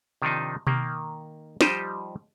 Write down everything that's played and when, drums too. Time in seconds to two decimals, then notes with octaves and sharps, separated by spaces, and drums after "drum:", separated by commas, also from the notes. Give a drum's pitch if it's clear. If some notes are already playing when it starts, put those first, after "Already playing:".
0.22 C3 D#3 F3 D4 D#4
0.67 D#3 A#3, drum: tom B2
1.61 F3 G3 D#4 G4 C5 D#5, drum: snare